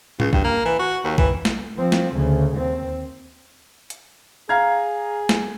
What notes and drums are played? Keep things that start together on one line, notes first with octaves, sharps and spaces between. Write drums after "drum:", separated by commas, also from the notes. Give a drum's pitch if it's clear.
C#2, drum: tom A2
G2, drum: kick
A#3
E3
F#4
D#2
E3, drum: kick
drum: snare
F3 C4
drum: snare
D2 C#3
D#2 C4
drum: hi-hat
G#4 F5 A#5 G#6
drum: snare